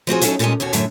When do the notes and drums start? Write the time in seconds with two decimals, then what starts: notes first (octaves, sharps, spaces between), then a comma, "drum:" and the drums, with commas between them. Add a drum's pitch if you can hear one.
0.07 F3 C4 F#4 G#4
0.21 F#3 C#4 D#4 E4 A4, drum: hi-hat
0.39 A#2 D3 G3 G#3 C#4 D#5
0.60 D#2 B2 C#4 F#4
0.73 F#2 A2 D3 F#3 E5, drum: hi-hat